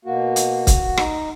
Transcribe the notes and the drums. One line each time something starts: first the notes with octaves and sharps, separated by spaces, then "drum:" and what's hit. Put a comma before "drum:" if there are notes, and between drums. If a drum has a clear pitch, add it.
B2 A#3 F#4
drum: hi-hat
drum: kick C#1, hi-hat
D#4, drum: rim click